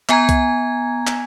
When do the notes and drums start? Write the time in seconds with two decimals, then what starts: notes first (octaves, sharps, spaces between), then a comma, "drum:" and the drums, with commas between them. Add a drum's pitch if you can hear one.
0.09 B3 G#5 A#5 G#6, drum: clap
0.29 drum: kick C2, hi-hat
1.07 drum: clap